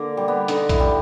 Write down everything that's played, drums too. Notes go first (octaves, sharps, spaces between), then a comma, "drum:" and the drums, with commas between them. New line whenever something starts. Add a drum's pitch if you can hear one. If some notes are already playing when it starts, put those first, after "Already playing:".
Already playing: D3 A#3
G3
B3
D3 D#4, drum: hi-hat
E4, drum: kick A#1, hi-hat
G3